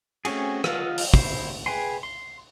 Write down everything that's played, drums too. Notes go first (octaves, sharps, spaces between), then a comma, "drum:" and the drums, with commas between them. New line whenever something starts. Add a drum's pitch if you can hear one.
A3 C4 C#4 F#4 G#4, drum: cymbal
F4 D#5 F5 F#5, drum: rim click
drum: open hi-hat
E4 C5, drum: kick
G#4 B4 G5 G#5 C6
C6